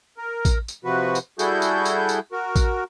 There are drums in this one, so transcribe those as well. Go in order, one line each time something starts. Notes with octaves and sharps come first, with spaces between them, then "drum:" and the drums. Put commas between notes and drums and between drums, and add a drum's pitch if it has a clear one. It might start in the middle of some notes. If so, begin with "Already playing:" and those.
A#4
drum: kick A1, tambourine
drum: tambourine
C3 F3 F#4 B4
drum: tambourine
G3 E4 F#4 G#4 A4 G6, drum: tambourine
drum: tambourine
drum: tambourine
drum: tambourine
F#4 A#4
drum: kick A1, tambourine